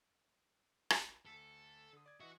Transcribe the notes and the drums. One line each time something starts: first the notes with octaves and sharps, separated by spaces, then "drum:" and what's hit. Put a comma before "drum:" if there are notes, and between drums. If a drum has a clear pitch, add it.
drum: rim click
D2 A4 B6
D3 D#6
D5 G#6
E3 F#4 D#5 E5